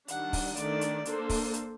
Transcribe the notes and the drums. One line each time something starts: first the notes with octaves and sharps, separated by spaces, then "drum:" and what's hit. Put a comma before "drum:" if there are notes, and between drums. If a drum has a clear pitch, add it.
D#3 G3 D4 F#5, drum: hi-hat
drum: kick, open hi-hat
D#3 A3 D4 D5, drum: hi-hat
drum: hi-hat
A#3 D4 A4 C5, drum: hi-hat
drum: kick, open hi-hat
drum: hi-hat